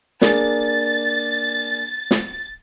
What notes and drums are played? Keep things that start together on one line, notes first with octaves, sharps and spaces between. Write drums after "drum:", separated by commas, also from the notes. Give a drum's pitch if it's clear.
A#3 D4 G#4 A6, drum: snare
drum: snare